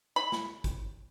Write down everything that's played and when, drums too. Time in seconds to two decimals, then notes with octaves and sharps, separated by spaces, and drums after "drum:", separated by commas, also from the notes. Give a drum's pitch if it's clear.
0.16 B5
0.32 drum: snare
0.64 drum: kick G1, hi-hat